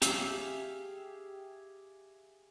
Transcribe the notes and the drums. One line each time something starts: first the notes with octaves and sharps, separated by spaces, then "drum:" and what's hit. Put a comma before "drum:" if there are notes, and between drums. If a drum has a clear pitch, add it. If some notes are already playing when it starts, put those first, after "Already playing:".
G4 G#4 E5 F5, drum: hi-hat